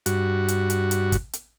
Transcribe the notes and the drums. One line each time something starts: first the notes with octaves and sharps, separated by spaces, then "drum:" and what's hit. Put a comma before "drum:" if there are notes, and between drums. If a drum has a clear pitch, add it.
G2 F#4, drum: hi-hat
drum: hi-hat
drum: hi-hat
drum: hi-hat
drum: kick, hi-hat
drum: hi-hat